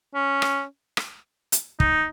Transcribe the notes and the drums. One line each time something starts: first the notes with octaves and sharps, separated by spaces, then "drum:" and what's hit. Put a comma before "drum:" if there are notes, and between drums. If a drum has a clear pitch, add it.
C#4
drum: rim click
drum: rim click
drum: hi-hat
D#4, drum: kick